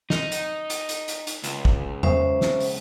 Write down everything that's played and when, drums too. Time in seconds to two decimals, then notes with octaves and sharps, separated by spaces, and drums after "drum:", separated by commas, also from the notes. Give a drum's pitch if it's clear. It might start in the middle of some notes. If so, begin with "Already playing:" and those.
0.10 D#4, drum: snare
0.32 drum: hi-hat
0.70 drum: hi-hat
0.89 drum: hi-hat
1.08 drum: hi-hat
1.27 drum: hi-hat
1.44 C#2, drum: hi-hat
1.65 drum: kick
2.03 C#4 C5 E5, drum: tom E2
2.41 drum: snare
2.60 drum: open hi-hat